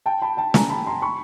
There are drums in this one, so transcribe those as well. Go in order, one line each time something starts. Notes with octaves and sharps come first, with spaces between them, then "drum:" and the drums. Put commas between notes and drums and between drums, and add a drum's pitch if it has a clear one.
G5 A5
A5 B5
G5 A5
G#5 A#5, drum: snare
A5 B5
A#5 C6
B5 C#6